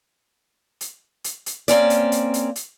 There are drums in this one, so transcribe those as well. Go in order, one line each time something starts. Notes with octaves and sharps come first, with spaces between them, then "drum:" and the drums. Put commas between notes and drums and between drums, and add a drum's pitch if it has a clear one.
drum: hi-hat
drum: hi-hat
drum: hi-hat
A#3 C4 C#4 D5, drum: hi-hat
drum: hi-hat
drum: hi-hat
drum: hi-hat
drum: hi-hat